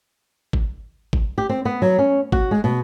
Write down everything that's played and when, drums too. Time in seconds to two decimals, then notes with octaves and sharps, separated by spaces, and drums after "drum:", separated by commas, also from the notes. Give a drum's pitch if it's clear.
0.53 drum: kick G1
1.13 drum: kick G1
1.38 G4
1.49 C4
1.65 B3
1.82 F#3
1.98 C#4
2.32 F#4, drum: kick G1
2.51 G#3
2.64 B2